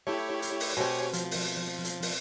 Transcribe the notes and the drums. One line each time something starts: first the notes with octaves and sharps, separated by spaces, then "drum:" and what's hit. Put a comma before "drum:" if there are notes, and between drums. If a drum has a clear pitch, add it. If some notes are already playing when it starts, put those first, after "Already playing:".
A3 E4 G4 C#5
drum: hi-hat
drum: open hi-hat
B2 C4 G4 C#5 G#5
F3, drum: hi-hat
drum: open hi-hat
drum: hi-hat
drum: open hi-hat